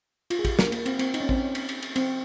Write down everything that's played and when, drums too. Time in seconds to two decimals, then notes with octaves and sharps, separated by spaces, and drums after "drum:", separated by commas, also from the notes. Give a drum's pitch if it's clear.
0.30 F4, drum: cymbal
0.39 G#4
0.45 G4, drum: kick A1, cymbal
0.59 A#3, drum: snare
0.72 A#3, drum: cymbal
0.86 C4, drum: cymbal
0.99 C4, drum: cymbal
1.14 D#4, drum: cymbal
1.20 C#4
1.29 C4, drum: kick A1
1.36 C#4
1.55 drum: cymbal
1.69 drum: cymbal
1.82 drum: cymbal
1.96 C4, drum: cymbal